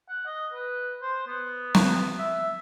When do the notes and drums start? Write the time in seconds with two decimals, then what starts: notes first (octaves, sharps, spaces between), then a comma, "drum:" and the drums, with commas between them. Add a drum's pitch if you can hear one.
0.09 F#5
0.26 D#5
0.53 B4
1.02 C5
1.27 B3
1.75 drum: snare
2.19 E5